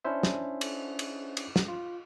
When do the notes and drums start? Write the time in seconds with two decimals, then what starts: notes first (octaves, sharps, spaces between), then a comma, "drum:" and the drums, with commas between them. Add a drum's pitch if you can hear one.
0.05 C#4 D4 E4 C5 E5
0.23 drum: snare
0.61 drum: cymbal
0.99 drum: cymbal
1.37 drum: cymbal
1.56 drum: snare
1.68 F4